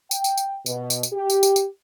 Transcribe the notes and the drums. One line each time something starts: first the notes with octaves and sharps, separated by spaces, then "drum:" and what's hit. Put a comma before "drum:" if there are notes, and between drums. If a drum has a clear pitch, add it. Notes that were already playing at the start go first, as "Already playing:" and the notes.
G5, drum: tambourine
drum: tambourine
drum: tambourine
B2, drum: tambourine
drum: tambourine
drum: tambourine
G4
drum: tambourine
drum: tambourine
drum: tambourine